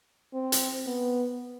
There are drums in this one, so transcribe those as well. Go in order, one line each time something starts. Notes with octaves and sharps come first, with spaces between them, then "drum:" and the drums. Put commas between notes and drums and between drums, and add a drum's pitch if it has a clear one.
C4
drum: hi-hat
B3